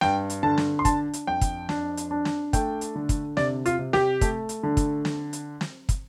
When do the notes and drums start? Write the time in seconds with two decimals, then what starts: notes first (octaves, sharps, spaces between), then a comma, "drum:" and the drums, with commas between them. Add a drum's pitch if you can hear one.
0.01 G2 G5, drum: snare
0.30 drum: hi-hat
0.43 D3 A5
0.58 drum: snare
0.79 C6
0.85 D4 A5, drum: kick, hi-hat
1.13 drum: hi-hat
1.27 F2 G5
1.41 drum: kick, hi-hat
1.69 D4, drum: snare
1.97 drum: hi-hat
2.11 D4
2.25 drum: snare
2.53 A3 G5, drum: kick, hi-hat
2.81 drum: hi-hat
2.95 D3
3.09 drum: kick, hi-hat
3.37 C3 D5, drum: snare
3.66 F4, drum: hi-hat
3.79 C3
3.93 G4, drum: snare
4.21 A3, drum: kick, hi-hat
4.49 drum: hi-hat
4.63 D3
4.77 drum: kick, hi-hat
5.05 drum: snare
5.33 drum: hi-hat
5.61 drum: snare
5.89 drum: kick, hi-hat